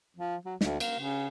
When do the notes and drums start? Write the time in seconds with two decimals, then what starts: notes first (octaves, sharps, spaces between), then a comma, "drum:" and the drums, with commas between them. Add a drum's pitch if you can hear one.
0.17 F3
0.46 F#3
0.61 D2, drum: snare
0.80 A#3, drum: cymbal
1.00 C#3